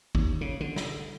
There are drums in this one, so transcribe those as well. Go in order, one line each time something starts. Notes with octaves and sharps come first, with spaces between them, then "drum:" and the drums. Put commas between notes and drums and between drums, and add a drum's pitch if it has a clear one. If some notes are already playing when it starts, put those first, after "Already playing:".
D#2, drum: kick
C#3
D3
drum: snare